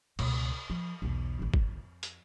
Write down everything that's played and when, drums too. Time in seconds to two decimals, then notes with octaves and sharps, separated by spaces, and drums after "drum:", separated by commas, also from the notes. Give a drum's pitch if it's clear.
0.19 C#2 B2, drum: cymbal
0.70 F3
1.02 B1 E2
1.39 A1 D#3
1.54 F2, drum: kick
2.03 drum: hi-hat